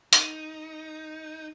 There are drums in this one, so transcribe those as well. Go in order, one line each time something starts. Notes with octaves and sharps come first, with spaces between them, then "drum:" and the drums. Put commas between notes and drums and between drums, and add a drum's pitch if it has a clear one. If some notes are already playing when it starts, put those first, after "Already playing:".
D#4, drum: hi-hat